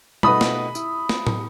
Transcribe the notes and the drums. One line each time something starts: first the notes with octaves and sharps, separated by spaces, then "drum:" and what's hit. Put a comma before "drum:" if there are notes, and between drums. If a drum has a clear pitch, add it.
B2 A3 D#4 F#4 B4 B5 D#6, drum: tom G3
drum: snare
E4, drum: tambourine
drum: snare
drum: tom